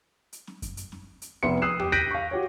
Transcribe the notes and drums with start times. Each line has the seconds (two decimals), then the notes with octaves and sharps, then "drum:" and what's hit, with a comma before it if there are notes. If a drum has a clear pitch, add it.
0.33 drum: hi-hat
0.47 drum: snare
0.62 drum: kick F#2, hi-hat
0.77 drum: hi-hat
0.92 drum: snare
1.22 drum: hi-hat
1.43 F1 B3 E5 C6 C#7
1.62 D#6 E6 F#6 C7 E7
1.79 G4, drum: tom E2
1.92 F#6 G6 A#6 B6 D7 D#7
2.11 F5 C#6
2.31 F#4 G4 C#5